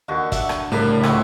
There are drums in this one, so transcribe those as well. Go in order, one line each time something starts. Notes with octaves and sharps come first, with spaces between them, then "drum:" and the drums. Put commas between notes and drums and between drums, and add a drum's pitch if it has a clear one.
D#2 D3 F#4
D5 E5 F#5, drum: kick, hi-hat
drum: rim click
C2 A2 C#3 D4 A#4 B5
C#2 C#3 C4 C#4 E4 F#4, drum: rim click